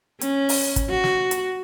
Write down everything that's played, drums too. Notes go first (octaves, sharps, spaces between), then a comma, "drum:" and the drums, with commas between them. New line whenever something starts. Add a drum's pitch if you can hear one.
C#4, drum: hi-hat
drum: open hi-hat
drum: kick, hi-hat
F#4
drum: snare
drum: hi-hat